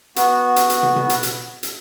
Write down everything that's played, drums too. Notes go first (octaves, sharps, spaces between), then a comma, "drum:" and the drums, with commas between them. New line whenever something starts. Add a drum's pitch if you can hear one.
B3 F#4, drum: hi-hat
drum: hi-hat
drum: hi-hat
drum: tom
drum: tom
drum: hi-hat
drum: hi-hat
drum: hi-hat